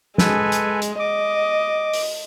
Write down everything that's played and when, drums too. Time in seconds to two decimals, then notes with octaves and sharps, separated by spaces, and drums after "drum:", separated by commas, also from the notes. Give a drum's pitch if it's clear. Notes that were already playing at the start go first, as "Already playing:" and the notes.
0.18 G#3 A4 B4 G#5, drum: snare
0.52 drum: hi-hat
0.82 drum: hi-hat
0.99 D#5 D6
1.93 drum: open hi-hat